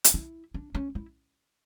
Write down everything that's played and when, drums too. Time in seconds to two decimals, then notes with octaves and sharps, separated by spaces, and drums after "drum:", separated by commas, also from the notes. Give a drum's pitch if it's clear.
0.04 drum: hi-hat
0.14 E4
0.54 D4
0.75 C#4
0.95 E4